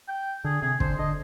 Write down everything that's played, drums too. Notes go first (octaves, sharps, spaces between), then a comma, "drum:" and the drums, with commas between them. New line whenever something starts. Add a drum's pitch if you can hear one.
G5
D3 G#4
C3 G#4
D3 C5, drum: kick
D3 D#5